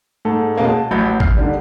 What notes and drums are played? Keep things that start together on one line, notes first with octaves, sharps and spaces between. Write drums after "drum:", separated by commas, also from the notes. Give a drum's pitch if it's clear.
G#2 A4
B2 G#3 A#3 C#4
A5
A1 F#3 C#5 B5 G6
F6 C7, drum: kick
D3 D#3 G3